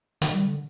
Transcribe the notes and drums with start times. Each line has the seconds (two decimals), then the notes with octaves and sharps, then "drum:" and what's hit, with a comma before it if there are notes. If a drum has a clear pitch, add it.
0.22 D#3, drum: hi-hat
0.34 G3
0.45 D3